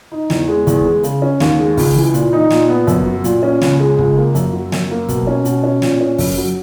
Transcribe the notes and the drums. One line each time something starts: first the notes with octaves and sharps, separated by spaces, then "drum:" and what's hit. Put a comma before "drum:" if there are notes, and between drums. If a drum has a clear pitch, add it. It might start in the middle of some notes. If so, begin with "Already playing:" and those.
D#4
E2, drum: snare
G#3
E2, drum: kick, hi-hat
G#3
C#3, drum: hi-hat
C#4
D#2, drum: snare
G#3
C#2, drum: kick, open hi-hat
E3
A#2, drum: hi-hat
D#4
A#2, drum: snare
B3
F#2, drum: kick, hi-hat
F#3
A#2, drum: hi-hat
C#4
C#2, drum: snare
G#3
C#2, drum: kick
A#3
F#2, drum: hi-hat
F#3
F#2, drum: snare
A#3
B2, drum: kick, hi-hat
C#4
B2, drum: hi-hat
C#4
A#2, drum: snare
C#4
F#2, drum: kick, open hi-hat
F#3